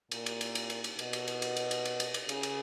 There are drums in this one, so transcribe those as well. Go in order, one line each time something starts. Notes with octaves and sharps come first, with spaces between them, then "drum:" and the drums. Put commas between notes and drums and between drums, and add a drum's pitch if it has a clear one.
A#2, drum: cymbal
drum: cymbal
drum: cymbal
drum: cymbal
drum: cymbal
drum: cymbal
B2, drum: cymbal
drum: cymbal
drum: cymbal
drum: cymbal
drum: cymbal
drum: cymbal
drum: cymbal
drum: cymbal
drum: cymbal
C#3, drum: cymbal
drum: cymbal